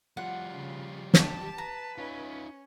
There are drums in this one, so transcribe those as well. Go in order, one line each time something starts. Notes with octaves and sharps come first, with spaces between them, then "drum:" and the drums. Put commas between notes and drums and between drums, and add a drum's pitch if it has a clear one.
F3 G3 F4 F#5
C#3
G4 A5, drum: snare
B4 A#5
C#4 D#4 F4